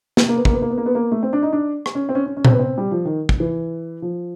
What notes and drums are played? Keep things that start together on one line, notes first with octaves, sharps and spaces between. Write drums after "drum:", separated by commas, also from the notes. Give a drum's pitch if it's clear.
drum: snare
A#3
B3
A#3, drum: kick
B3
A#3
B3
A#3
B3
A#3
A3
C4
D4
D#4
D4
drum: rim click
C#4
C4
C#4
C#4
C#4
C4, drum: tom A#2
B3
C4
G3
F3
D#3
drum: kick
E3
F3